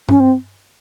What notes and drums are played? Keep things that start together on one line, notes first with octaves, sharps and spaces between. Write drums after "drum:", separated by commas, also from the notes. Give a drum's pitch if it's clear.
C#4, drum: tom G2
C4